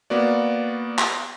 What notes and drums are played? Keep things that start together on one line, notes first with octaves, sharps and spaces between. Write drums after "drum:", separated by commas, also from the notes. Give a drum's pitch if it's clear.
A#3 B3 F#4 D5
drum: clap